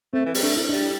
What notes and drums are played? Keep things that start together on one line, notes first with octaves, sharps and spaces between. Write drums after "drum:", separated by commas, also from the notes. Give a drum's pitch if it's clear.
A3 C4
E3
G3, drum: open hi-hat
A3 D4
E4
G3 D4